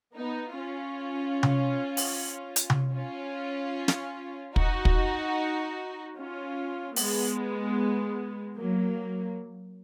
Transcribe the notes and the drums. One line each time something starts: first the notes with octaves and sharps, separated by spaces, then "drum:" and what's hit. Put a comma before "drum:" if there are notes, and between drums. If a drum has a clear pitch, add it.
B3 D#4
C#4 F4
drum: tom C3
drum: open hi-hat
drum: hi-hat
drum: tom C3
C#4 F4
drum: snare
D#4 F#4, drum: kick
drum: kick
C#4 F4
G#3 B3, drum: open hi-hat
F#3 A#3